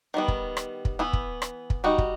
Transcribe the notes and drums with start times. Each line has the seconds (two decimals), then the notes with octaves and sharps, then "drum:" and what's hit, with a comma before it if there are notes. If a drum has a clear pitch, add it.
0.14 D#3 G3 B3
0.28 drum: kick
0.57 drum: rim click
0.85 drum: kick
0.99 E3 B3 E4
1.13 drum: kick
1.42 drum: rim click
1.70 drum: kick
1.84 G3 D#4 F#4
1.98 drum: kick